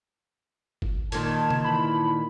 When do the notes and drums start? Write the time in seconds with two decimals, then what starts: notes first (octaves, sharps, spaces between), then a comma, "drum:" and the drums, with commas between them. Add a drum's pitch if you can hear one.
0.82 drum: kick G1
1.12 A#2 D#3 A5 G#6, drum: hi-hat
1.50 drum: tom
1.64 E3 B5